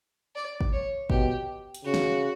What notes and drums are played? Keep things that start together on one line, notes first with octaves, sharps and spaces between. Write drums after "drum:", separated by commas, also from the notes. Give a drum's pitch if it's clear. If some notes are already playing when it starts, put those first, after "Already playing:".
D5
drum: kick
C#5
B2 G4, drum: kick
drum: hi-hat
C#3 F#4
drum: snare